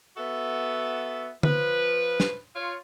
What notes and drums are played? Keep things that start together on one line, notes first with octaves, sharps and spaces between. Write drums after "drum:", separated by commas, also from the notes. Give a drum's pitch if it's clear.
B3 F#4 A4 E5
F3 B4, drum: tom D3
drum: snare
F4 C#5